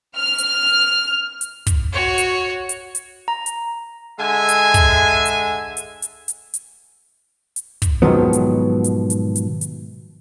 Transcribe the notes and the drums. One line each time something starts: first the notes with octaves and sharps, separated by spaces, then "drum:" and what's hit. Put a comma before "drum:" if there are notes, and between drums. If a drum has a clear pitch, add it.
F6
drum: hi-hat
drum: hi-hat
drum: kick, hi-hat
F#4 C#5
drum: hi-hat
drum: hi-hat
drum: hi-hat
A#5
drum: hi-hat
D3 G#3 E5 G#5
drum: hi-hat
drum: kick, hi-hat
drum: hi-hat
drum: hi-hat
drum: hi-hat
drum: hi-hat
drum: hi-hat
drum: hi-hat
drum: kick, hi-hat
G#2 B2 D#3 F3 F#3 B3
drum: hi-hat
drum: hi-hat
drum: hi-hat
drum: hi-hat
drum: hi-hat